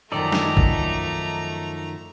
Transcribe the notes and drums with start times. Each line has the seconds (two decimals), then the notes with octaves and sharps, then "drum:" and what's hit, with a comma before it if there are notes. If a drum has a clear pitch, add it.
0.12 F#2 D#3 F3 A3 D#4 A4 D5 A#5
0.32 drum: snare
0.57 drum: kick